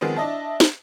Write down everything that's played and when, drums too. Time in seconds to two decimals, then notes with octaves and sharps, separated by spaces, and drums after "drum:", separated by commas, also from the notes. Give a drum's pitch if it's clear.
0.01 D#3 F3 G#3 B3 C4
0.16 D4 E4 D#5 E5 A5
0.60 drum: snare